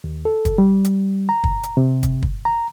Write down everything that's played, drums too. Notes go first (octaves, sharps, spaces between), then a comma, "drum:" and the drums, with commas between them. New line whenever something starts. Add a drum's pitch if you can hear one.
D#2
A4
drum: kick, hi-hat
G3
drum: hi-hat
A#5
drum: kick
drum: hi-hat
C3
drum: kick, hi-hat
drum: kick
A#5